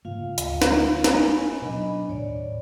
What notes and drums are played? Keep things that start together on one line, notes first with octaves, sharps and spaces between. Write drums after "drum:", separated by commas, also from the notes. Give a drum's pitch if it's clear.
G#2 C#3 A#3 F4 F5
D2, drum: hi-hat
drum: snare
A#3 C4 G#5 B5, drum: snare
B2 F#3 D4 D#5 B5
D#2 A2 C#5 D5